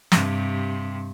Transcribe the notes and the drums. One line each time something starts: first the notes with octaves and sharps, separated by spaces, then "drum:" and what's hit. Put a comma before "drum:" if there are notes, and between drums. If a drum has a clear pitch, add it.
G2 C3, drum: snare